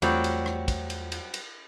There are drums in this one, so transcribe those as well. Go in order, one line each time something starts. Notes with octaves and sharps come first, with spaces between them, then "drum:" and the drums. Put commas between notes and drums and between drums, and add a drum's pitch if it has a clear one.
E2 F#3 G3 A3 C4 F4, drum: cymbal
drum: cymbal
drum: rim click
drum: kick, cymbal
drum: cymbal
drum: cymbal
drum: cymbal